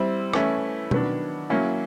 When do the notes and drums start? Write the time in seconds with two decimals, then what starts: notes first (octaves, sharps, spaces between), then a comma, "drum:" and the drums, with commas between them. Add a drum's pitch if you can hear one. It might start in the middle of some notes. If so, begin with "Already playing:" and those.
Already playing: G3 C4 E4
0.33 E3 A3 C#4 E4, drum: rim click
0.91 D#3 F#3 B3 D4, drum: tom
1.50 F#3 A#3 C#4 E4